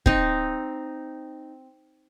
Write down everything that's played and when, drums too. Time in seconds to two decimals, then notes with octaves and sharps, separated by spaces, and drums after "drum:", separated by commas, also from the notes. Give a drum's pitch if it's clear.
0.06 C4 D#4, drum: kick